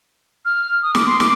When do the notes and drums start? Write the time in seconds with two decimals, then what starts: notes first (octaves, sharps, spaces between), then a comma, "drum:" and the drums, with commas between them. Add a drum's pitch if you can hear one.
0.45 F6
0.83 D#6
0.95 D6, drum: snare
1.07 C6
1.20 D6, drum: snare